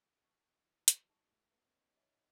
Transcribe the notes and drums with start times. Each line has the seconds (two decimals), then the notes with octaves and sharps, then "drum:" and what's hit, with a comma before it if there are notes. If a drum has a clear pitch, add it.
0.23 B2 D#4 G#4 D#5 A5 C#6
0.46 D#3
0.66 E3
0.88 F#3, drum: hi-hat
1.05 F#3
1.09 G#3 D#4 G#4 D#5 A5 C#6
1.31 A3
1.52 B3
1.64 C#4
1.73 D#4
1.94 D#4 G#4 C#5 E5 G#5